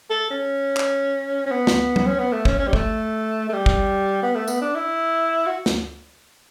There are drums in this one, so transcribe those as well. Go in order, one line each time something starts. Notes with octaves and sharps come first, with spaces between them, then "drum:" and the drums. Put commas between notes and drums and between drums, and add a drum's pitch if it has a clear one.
A4
C#4
drum: clap
C#4
B3
drum: snare
drum: tom F#3
C#4
B3
A3
C#4, drum: kick
C#4
G3
A3, drum: kick
A3
G3
drum: kick
B3
A3
B3, drum: tambourine
D4
E4
F#4
drum: snare